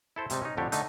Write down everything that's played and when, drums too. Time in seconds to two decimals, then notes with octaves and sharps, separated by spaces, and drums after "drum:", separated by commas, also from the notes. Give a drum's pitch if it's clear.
0.16 E4 A4 C5
0.30 G#2 C3 G3 D#4, drum: hi-hat
0.42 C#4 D#4
0.57 F2 A2 D3 D4 G4 C#5
0.72 D3 A3 D#4, drum: hi-hat